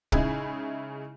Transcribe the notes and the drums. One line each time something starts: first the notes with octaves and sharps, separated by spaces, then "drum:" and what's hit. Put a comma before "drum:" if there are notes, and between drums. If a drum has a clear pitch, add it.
C#3 G#3 C#4 D#4 E4 G#4, drum: kick